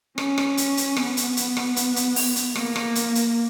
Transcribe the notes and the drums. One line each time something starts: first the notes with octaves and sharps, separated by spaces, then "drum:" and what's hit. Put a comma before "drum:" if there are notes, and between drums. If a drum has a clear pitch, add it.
C#4, drum: rim click
drum: rim click
drum: hi-hat
drum: hi-hat
B3, drum: rim click
drum: hi-hat
drum: hi-hat
drum: rim click
drum: hi-hat
drum: hi-hat
drum: open hi-hat
drum: hi-hat
A#3, drum: rim click
drum: rim click
drum: hi-hat
drum: hi-hat